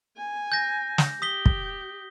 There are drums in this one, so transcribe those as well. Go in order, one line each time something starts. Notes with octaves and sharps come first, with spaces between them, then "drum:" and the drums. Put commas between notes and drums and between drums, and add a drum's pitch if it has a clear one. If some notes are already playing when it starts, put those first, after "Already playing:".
G#5
G6 A#6
drum: snare
G4 D#6 B6 G7
drum: kick